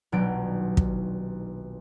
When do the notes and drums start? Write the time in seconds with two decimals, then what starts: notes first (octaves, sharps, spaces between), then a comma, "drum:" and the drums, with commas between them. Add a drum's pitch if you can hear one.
0.12 D#1 B1 B2 F#3 D4 D7
0.77 drum: kick